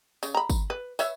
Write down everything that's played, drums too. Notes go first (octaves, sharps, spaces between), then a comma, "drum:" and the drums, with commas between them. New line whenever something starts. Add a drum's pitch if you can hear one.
C#3, drum: tambourine
A#5 B5
drum: kick, tambourine
B4
B4 C#5 E5, drum: tambourine